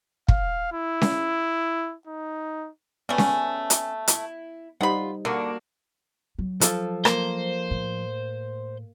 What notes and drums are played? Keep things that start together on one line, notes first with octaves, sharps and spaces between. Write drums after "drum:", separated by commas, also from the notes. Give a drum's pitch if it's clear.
F5, drum: kick
E4
drum: snare C#4
D#4
G3 A3 B3 C#4 G#5
drum: snare C#4
drum: hi-hat
E4, drum: hi-hat
G3 D#4 F4 C5 F#5 B5
D3 A#3 D4 F#4 A#4
F#3
F3 A4, drum: hi-hat
A#3 C5, drum: rim click
A2